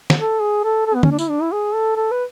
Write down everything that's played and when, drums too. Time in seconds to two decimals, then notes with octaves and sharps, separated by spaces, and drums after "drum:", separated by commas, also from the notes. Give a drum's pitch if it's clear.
0.10 drum: snare
0.20 A4
0.41 G#4
0.64 A4
0.86 A4
0.94 B3
1.03 C#4, drum: tom D3
1.11 D4
1.18 E4, drum: tambourine
1.29 D4
1.41 E4
1.52 G#4
1.74 A4
1.96 A4
2.11 B4